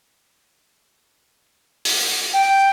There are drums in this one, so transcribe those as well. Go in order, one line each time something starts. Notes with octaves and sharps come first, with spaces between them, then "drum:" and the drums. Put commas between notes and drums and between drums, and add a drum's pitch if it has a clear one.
drum: open hi-hat
G5